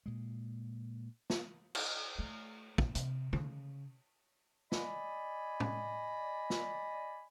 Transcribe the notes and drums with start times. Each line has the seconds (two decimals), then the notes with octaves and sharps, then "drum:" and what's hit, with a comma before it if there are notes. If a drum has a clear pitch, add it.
0.06 A#2 G#3
1.30 drum: snare
1.75 drum: cymbal
2.19 A3
2.78 A#2, drum: kick
2.95 C3, drum: hi-hat
3.33 C#3, drum: tom D3
4.72 D5 D#5 G#5 B5, drum: snare
5.60 drum: tom A2
6.50 drum: snare